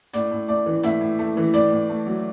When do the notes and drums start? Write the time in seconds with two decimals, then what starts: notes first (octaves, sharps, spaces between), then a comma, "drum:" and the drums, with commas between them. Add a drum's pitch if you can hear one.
0.13 A2 D5, drum: hi-hat
0.31 A2
0.48 A3 D5
0.66 E3
0.83 A2 E5, drum: hi-hat
1.01 A2
1.19 A3
1.37 E3
1.54 A2 D5, drum: hi-hat
1.71 A2
1.89 A3
2.06 F#3